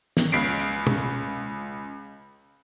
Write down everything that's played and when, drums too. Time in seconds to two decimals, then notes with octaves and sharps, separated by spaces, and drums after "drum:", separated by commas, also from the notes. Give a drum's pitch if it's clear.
0.17 drum: snare
0.32 C#2 B6 C7 D7
0.60 drum: hi-hat
0.87 drum: tom